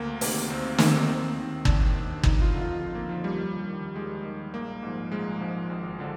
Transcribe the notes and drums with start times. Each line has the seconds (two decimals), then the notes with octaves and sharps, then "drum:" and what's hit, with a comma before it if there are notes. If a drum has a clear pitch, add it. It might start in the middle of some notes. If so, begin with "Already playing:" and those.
Already playing: D2 A#3
0.21 C3 D#3, drum: open hi-hat
0.50 D2 C4
0.78 C3 D#3 A#3, drum: snare
0.86 C4
0.94 A#3
1.07 D#2 C4
1.36 D#3
1.65 D#2 D4, drum: kick G1
1.95 D#3
2.23 F2 D#4, drum: kick G1
2.42 F4
2.52 D3 F3
2.61 F4
2.80 F2 F4
2.95 A#3
3.09 D3 F3
3.24 G3
3.38 D#2
3.68 D#3
3.96 D#2 G#3
4.25 D#3
4.53 A#1 A#3
4.83 G#2 F3
5.12 A#1 G#3
5.40 G#2 F3
5.70 G#1
5.99 D3 F3